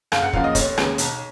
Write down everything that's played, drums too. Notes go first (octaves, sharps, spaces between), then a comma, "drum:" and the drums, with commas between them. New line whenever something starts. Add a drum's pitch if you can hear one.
F#1 F5, drum: rim click
F#5
F#2 C#3 F3 A#3 F5, drum: kick
D#5
F1 C#5, drum: kick, hi-hat
D#2 C#3 G#3 B3, drum: rim click
B1, drum: hi-hat